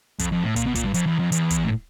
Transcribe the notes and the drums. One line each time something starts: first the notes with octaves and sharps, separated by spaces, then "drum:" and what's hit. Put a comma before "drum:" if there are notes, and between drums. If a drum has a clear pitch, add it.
F2, drum: kick, hi-hat
F2
A2
A#2, drum: kick, hi-hat
B2
A#2, drum: kick, hi-hat
G2
F2, drum: hi-hat
E2
F2
E2, drum: hi-hat
drum: kick, hi-hat
A2